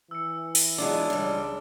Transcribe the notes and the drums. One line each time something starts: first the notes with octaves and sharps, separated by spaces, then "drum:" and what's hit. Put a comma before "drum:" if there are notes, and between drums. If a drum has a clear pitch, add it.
E3 E6 C#7
drum: open hi-hat
F#3 G#3 B3 D4 F4 D6
C#2 F#2 G3